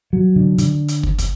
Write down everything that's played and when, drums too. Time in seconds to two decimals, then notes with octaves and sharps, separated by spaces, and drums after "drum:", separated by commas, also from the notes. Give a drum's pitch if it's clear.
0.13 F#3
0.36 D3
0.58 D3, drum: hi-hat
0.88 drum: hi-hat
1.03 drum: kick
1.18 drum: kick, hi-hat